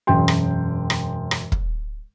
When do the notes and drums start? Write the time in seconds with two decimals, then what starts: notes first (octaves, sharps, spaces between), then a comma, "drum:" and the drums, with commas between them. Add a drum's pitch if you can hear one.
0.07 E1 F#2 G5 C6
0.28 drum: rim click
0.90 drum: rim click
1.31 drum: rim click
1.52 drum: kick